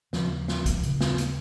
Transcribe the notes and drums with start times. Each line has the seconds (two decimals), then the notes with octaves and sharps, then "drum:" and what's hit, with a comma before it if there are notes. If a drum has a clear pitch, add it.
0.13 D#2 C#3 F3, drum: snare
0.48 drum: snare
0.66 drum: kick, hi-hat
0.83 D#2 C#3, drum: hi-hat
1.01 drum: snare
1.18 drum: hi-hat